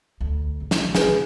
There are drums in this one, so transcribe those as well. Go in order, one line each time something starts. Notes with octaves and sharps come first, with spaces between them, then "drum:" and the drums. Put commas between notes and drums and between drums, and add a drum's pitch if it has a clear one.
D2
G#1
drum: snare
A#1 G#4 B4, drum: snare